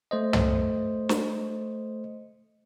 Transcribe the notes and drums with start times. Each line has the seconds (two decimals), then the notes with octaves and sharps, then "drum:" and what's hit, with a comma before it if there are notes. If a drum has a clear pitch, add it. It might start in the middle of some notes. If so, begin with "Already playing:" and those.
0.11 A3 C5 D#5
0.33 drum: tom
1.09 drum: snare